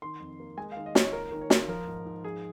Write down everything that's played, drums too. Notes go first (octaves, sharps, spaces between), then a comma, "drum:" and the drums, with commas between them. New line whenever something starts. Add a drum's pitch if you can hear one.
D#3 C6
F2
A#3
G#3 G#5
F5
D#3
D#5
F4 C#5, drum: snare
A#3 A#4
D#3
C#5
F4, drum: snare
F3 A#4
G#2
G#2
F3 G#4